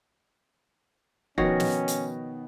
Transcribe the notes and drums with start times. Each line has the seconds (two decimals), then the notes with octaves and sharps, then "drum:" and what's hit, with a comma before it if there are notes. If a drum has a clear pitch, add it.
1.38 B2 D#3 F3 B3 C#4 F#4 C#5 A#6, drum: kick
1.60 drum: snare
1.88 drum: hi-hat